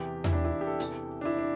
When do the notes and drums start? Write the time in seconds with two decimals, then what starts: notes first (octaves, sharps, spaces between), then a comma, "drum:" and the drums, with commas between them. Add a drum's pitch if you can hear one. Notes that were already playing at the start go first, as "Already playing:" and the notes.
Already playing: E2 C3 E3 G4
0.24 E4, drum: tom E2
0.33 D4
0.45 E4
0.61 G4
0.67 A4
0.80 E2 C3 E3, drum: hi-hat
1.21 D4
1.25 E4
1.39 D4